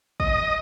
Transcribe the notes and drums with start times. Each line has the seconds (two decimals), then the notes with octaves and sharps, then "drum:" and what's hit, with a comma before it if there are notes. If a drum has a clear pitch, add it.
0.20 D#5, drum: kick